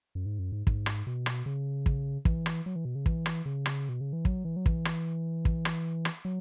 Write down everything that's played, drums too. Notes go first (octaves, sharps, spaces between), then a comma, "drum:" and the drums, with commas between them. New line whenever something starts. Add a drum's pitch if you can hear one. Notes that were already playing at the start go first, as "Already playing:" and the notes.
F#2
G#2
F#2
G#2
G#2, drum: kick
drum: rim click
B2
drum: rim click
C#3
drum: kick
E3, drum: kick
drum: rim click
F#3
E3
B2
C#3
E3, drum: kick
drum: rim click
C#3
drum: rim click
B2
C#3
E3
F#3, drum: kick
E3
F#3
E3, drum: kick
drum: rim click
drum: kick
drum: rim click
drum: rim click
F#3